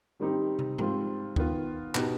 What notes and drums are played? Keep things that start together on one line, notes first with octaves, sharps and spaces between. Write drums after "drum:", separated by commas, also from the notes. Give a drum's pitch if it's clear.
D#3 G3 C4 D#4 G4
drum: tom
G#2 G3 C4 F4, drum: tom
D#3 B3 F4, drum: kick
B2 B3 D#4 G4, drum: clap